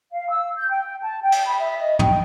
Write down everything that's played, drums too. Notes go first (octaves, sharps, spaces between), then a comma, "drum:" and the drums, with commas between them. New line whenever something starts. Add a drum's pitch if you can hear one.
F5
E6
G6
G5
A5
G5
drum: cymbal
B5
E5
D#5
G5, drum: tom